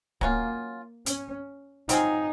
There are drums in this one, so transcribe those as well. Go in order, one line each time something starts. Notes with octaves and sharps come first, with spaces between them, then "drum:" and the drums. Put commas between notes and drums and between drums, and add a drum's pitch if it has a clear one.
F#3 A#3 C#4 F4, drum: kick
C#4, drum: hi-hat
F#3 C4 D#4 F4 G#4, drum: hi-hat